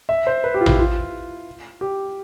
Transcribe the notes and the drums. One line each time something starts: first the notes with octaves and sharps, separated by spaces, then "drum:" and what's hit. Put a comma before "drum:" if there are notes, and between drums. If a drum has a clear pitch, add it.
E5
C5
B4
G4
F4
E4, drum: tom A1
F4
G4